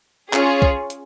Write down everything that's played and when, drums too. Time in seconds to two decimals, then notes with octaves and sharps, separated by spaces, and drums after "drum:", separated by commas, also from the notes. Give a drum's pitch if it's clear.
0.33 C#4 F4 G#4 C#5, drum: clap
0.62 drum: kick C2
0.90 drum: hi-hat